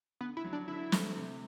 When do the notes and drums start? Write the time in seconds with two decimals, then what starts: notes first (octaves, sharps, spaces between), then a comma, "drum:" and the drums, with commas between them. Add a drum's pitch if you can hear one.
0.21 D3 B3
0.37 E4
0.44 F#3
0.53 D4
0.68 D3 E4
0.92 A3, drum: snare
1.16 C3